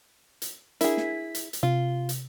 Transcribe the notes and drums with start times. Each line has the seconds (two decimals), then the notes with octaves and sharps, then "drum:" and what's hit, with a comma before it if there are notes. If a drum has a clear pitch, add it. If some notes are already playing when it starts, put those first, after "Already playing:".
0.42 drum: hi-hat
0.81 D4 E4 G#4 A#4, drum: hi-hat
0.97 B6, drum: snare
1.35 drum: hi-hat
1.53 drum: hi-hat
1.63 C3 F4
2.09 drum: hi-hat